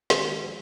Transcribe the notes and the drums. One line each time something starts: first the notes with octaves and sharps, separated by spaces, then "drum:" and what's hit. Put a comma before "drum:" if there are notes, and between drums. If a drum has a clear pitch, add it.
D#3 G#3 C#4 F#4 G#4, drum: snare
F3